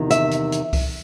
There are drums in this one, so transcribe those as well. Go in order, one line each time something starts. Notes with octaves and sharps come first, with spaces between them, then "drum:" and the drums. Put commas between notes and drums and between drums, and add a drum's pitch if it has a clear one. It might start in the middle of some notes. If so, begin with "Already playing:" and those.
Already playing: E2 C3 D#3
E5, drum: hi-hat
drum: hi-hat
drum: hi-hat
drum: kick C2, open hi-hat